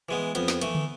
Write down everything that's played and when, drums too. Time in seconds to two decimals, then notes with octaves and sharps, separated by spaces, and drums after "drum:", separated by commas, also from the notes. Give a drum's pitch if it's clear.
0.09 E3 G#3 B3
0.35 F2 B3, drum: hi-hat
0.48 drum: snare
0.62 E3 A3, drum: hi-hat
0.75 drum: tom